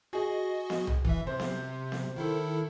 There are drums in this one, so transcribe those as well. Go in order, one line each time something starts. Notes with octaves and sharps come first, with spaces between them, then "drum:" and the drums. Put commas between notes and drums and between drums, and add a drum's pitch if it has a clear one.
F#4 G#4 D#5
drum: snare B3
drum: tom C2
E3 E5, drum: kick
C3 C5
drum: snare B3
drum: snare B3
D#3 E4 A4